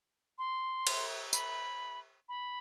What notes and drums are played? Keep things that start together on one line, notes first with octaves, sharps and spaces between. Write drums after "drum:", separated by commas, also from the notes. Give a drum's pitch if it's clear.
C6
drum: cymbal
B5, drum: tambourine
B5